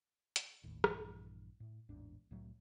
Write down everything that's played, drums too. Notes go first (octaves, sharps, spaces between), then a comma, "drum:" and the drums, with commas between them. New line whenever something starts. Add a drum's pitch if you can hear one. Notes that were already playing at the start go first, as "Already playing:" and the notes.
drum: hi-hat
G#1 D#2 A2
A#1 G2 E3, drum: rim click
A2
A1 E2 G#2 D4
C2 A2 F#3 A3